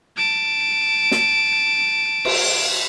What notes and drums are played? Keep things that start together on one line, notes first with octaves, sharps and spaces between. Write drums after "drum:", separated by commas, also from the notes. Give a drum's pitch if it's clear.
A5 D7
drum: snare
drum: cymbal